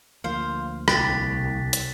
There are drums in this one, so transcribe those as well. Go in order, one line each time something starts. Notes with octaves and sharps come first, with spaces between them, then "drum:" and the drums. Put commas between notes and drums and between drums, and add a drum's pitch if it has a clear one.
D2 F3 A#3 C5 F5
C2 G4 F#6 A6 B6, drum: rim click
drum: hi-hat